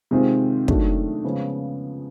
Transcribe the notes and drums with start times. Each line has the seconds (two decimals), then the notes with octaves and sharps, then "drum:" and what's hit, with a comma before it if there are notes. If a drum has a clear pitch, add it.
0.11 C3 D#3 G#3 C4 F4
0.68 D#3 F#3 A3 D4 F#4, drum: kick
1.24 C#3 F3 G#3 B3